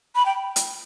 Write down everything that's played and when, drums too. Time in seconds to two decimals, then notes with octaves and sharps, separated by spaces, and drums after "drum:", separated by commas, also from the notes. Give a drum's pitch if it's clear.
0.15 B5
0.26 G5
0.56 drum: hi-hat